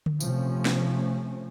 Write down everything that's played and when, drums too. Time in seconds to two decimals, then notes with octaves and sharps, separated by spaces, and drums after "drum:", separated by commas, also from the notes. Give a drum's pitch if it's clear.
0.06 drum: tom D3
0.20 C3 F3 A3 C#4, drum: tambourine
0.65 drum: snare